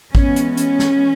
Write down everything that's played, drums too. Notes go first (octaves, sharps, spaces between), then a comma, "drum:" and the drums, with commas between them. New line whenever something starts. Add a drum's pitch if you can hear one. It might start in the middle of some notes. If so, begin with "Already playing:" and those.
E3 G#3 B3 C#4, drum: kick
drum: hi-hat
C#4, drum: hi-hat
drum: snare